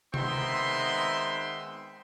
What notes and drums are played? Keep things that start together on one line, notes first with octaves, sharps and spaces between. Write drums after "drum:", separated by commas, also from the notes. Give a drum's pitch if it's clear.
D#3 G#3 B3 C4 E5 C6, drum: tom C3